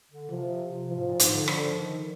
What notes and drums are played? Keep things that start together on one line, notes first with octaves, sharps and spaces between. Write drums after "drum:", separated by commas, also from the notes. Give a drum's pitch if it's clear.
D3
C3 F3
F3
G#2
A#2
G#2, drum: hi-hat
D3
D3 F3, drum: rim click
D#3